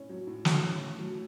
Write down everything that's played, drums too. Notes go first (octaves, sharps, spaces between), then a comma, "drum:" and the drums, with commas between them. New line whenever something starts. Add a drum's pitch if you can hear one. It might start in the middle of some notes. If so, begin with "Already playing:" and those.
Already playing: A2 C#4
F#3
A2
F#3, drum: snare
C#4
A3
F#3